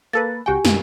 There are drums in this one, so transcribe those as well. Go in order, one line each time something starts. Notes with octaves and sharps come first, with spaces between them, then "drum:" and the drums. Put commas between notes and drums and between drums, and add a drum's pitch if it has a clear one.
A#3 A4 B4 A6
C#2 F#4 G4 G5 G#5
F#2 B2 D#3, drum: snare